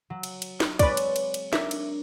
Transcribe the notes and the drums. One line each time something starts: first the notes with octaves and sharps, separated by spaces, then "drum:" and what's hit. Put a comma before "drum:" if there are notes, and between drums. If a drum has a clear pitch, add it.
F#3
drum: cymbal
drum: cymbal
drum: snare
G#3 C4 B4 C#5 D5, drum: kick, cymbal
drum: cymbal
drum: cymbal
drum: cymbal
D4 A#4 E5 G#6, drum: snare
drum: cymbal